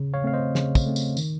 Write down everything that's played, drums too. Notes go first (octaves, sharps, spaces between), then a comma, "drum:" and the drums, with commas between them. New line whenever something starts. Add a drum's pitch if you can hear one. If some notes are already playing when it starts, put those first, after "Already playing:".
Already playing: C#3
C#5 F5
A3 C4 F5
C5 D#5
C#3, drum: snare
drum: kick, tambourine
A3 C4
drum: tambourine
D#3, drum: tambourine